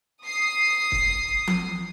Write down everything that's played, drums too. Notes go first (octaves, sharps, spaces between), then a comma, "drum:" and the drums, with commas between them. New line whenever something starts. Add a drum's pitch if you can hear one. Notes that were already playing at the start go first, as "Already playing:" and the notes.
D#6 C7
drum: kick
drum: tom F3